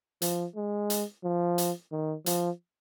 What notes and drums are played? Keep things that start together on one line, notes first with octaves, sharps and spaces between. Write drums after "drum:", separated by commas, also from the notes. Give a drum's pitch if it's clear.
F3, drum: hi-hat
G#3
drum: hi-hat
F3
drum: hi-hat
D#3
F3, drum: hi-hat